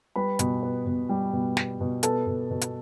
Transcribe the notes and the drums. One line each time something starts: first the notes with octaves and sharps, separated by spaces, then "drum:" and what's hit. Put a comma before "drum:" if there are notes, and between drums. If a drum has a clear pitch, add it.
G3 B4 B5
B2, drum: hi-hat
B3
B2
G3
B2
B3, drum: snare
B2
B3 A4 A5, drum: hi-hat
B2
B2
drum: hi-hat